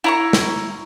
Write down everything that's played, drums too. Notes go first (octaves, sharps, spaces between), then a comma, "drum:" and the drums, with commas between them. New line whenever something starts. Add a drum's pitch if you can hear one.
E4 A#5 C#6
drum: snare